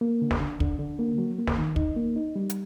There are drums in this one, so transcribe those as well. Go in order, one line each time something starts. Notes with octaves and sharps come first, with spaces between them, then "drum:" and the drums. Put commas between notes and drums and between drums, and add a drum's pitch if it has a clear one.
A#3
D3
drum: snare
D3
D3, drum: kick
D3
A#3
F#3
A#3
drum: snare
D#3
D#4, drum: kick
A#3
D#4
G3
drum: hi-hat